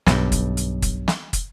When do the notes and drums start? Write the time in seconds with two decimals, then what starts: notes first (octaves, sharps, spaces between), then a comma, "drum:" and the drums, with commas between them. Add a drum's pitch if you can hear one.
0.06 B1 G2, drum: snare
0.32 drum: kick, hi-hat
0.57 drum: hi-hat
0.82 drum: kick, hi-hat
1.08 drum: snare
1.33 drum: kick, hi-hat